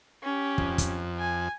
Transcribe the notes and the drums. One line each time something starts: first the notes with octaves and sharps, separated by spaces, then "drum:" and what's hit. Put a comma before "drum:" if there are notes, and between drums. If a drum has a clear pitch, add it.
C#4 G4
F2, drum: kick
drum: kick, hi-hat
G#5